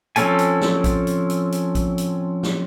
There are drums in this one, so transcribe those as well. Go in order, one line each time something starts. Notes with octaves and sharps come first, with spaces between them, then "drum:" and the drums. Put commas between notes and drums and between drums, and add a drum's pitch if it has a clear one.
F3 C4 C#4 A4 G#5, drum: hi-hat
drum: hi-hat
drum: snare
drum: kick A1, hi-hat
drum: hi-hat
drum: hi-hat
drum: hi-hat
drum: kick A1, hi-hat
drum: hi-hat
drum: snare